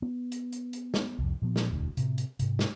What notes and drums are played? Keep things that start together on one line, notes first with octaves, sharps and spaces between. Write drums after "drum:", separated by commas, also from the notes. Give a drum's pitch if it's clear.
B3
drum: hi-hat
drum: hi-hat
drum: hi-hat
drum: snare
C2 F2
A#2 F3 B3
drum: snare
E1 D2
A2 C3, drum: hi-hat
drum: hi-hat
G#2 C3, drum: hi-hat
drum: snare